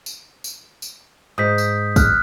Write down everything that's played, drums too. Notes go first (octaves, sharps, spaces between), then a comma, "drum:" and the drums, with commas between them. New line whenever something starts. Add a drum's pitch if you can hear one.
drum: tambourine
drum: tambourine
drum: tambourine
G#2 D#6 G6 B6
drum: tambourine
F6 F#6, drum: kick, tambourine